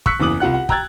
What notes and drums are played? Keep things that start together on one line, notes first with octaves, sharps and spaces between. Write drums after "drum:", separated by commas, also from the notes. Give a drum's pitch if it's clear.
C#6 E6 F#6 B6 C#7, drum: kick
F#1 E2 E3 D6 D#6 F#7
C2 F4 F#5 F#6
F#5
G5 A#5 E6 F#6 G#6 A6, drum: kick